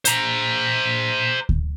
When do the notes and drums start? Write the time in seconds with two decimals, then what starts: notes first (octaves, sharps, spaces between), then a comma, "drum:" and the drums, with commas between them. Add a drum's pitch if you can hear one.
0.05 C5 A#5, drum: hi-hat
1.49 drum: kick D2